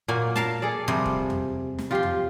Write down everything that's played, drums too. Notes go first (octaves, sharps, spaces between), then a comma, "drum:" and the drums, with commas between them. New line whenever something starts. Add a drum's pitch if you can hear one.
A#2 F#3 A#3 G#5
A#4 F5 A5, drum: snare
G#4 A4 D5
C3 F3 G3
drum: kick
drum: tom
drum: snare
F3 F4 G4 C6
drum: tom